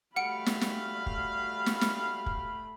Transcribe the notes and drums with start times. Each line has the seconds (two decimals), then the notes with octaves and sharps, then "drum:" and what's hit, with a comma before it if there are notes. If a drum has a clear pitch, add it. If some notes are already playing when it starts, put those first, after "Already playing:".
0.16 G3 A3 F#4 F5 F#5 B5 C#7 D7
0.46 drum: snare
0.61 drum: snare
1.06 drum: kick
1.66 drum: snare
1.81 drum: snare
2.26 drum: kick